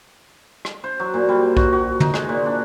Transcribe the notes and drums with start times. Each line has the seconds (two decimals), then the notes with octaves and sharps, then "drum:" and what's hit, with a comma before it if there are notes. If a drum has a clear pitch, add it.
0.65 drum: rim click
0.84 C5
0.99 F#3
1.14 A#2
1.29 G3
1.57 F#4, drum: kick B1
1.72 F#4
2.00 D#4, drum: tom
2.14 G#3, drum: rim click
2.29 A#2
2.46 D4